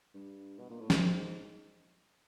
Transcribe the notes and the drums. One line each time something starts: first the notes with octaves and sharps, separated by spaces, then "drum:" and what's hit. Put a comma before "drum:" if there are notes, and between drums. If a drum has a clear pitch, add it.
G2
B2
A#2
A2
G#2, drum: snare F3